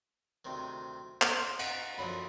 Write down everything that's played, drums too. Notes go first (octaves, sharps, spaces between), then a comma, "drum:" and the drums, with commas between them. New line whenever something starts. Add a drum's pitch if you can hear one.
D2 C3 D#3
C6, drum: clap
F#5, drum: cymbal
F#2 D3 F3 A#3 B5